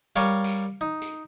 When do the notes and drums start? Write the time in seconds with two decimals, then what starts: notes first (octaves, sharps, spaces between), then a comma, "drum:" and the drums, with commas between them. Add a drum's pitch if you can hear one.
0.16 G3 A#4 C#5 F5, drum: tambourine
0.44 drum: tambourine
0.81 D#4
1.02 drum: tambourine